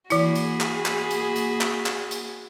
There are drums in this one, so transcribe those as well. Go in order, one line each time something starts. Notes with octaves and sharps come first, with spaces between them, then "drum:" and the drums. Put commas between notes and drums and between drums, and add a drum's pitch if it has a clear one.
E3 A#3 E4 F#4 G#4 B5, drum: hi-hat
drum: hi-hat
drum: clap
drum: clap
drum: hi-hat
drum: hi-hat
drum: clap
drum: clap
drum: hi-hat